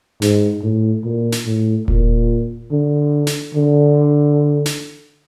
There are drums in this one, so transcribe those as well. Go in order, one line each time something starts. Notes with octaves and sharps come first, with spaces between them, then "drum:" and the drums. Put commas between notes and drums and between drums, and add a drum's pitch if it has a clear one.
G#2, drum: snare
A2
A#2
drum: snare
A2
A#2, drum: kick E1
D3
drum: snare
D3
drum: snare